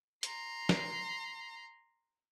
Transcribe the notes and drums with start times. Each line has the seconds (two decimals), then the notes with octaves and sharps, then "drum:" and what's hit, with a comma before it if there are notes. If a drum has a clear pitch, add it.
0.23 A#5 C6, drum: hi-hat
0.69 drum: snare